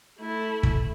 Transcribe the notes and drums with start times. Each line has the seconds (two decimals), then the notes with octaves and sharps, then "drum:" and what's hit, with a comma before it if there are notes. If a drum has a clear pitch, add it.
0.19 A3 E4
0.63 drum: kick